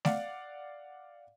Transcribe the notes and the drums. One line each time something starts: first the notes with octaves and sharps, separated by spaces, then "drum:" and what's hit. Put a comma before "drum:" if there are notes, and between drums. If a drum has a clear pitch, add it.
D5 F5 F#5, drum: snare A3